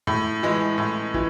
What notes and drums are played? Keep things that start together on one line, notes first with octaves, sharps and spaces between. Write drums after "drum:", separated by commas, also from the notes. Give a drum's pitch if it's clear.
A2, drum: tom F#2
E3 G#3
A2
E3, drum: kick